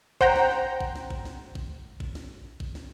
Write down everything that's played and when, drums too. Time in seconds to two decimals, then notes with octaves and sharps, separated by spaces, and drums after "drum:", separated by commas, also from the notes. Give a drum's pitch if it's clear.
0.21 C5 F#5 G5 A#5, drum: kick
0.36 drum: snare
0.51 drum: snare
0.81 drum: kick
0.95 drum: snare
1.10 drum: kick
1.25 drum: snare
1.55 drum: kick
2.00 drum: kick
2.15 drum: snare
2.60 drum: kick
2.75 drum: snare